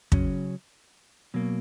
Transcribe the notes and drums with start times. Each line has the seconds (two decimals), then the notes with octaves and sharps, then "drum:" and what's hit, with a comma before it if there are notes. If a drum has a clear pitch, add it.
0.12 C#3 F#3 C#4, drum: kick
1.34 B2 F#3 A#3